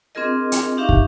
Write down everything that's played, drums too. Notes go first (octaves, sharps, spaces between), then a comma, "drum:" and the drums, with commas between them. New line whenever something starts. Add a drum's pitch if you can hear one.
C4 D4 F4 G#4 A#4 D#5
drum: hi-hat
D4 D#4 G4 E5 F5 C#6
drum: kick